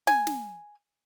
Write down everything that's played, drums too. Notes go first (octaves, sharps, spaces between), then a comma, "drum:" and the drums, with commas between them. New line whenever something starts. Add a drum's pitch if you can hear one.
G#5, drum: snare
drum: snare